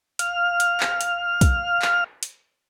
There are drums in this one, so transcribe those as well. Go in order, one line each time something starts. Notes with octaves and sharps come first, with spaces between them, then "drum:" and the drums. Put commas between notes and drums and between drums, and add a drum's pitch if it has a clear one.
F5 F6, drum: hi-hat
drum: hi-hat
drum: clap
drum: hi-hat
drum: kick, hi-hat
drum: clap
drum: hi-hat